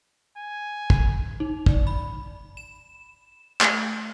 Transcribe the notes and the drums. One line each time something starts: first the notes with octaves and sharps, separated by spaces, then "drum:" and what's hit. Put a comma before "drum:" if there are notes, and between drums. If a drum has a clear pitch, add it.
G#5
drum: kick
D#4
D5, drum: kick
B5
E7
A3, drum: clap